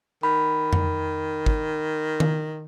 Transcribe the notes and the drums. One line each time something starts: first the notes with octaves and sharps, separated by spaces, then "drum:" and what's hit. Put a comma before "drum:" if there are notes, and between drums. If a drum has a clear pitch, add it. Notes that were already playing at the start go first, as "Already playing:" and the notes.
D#3 B5
drum: tom F2
drum: kick
drum: tom D#3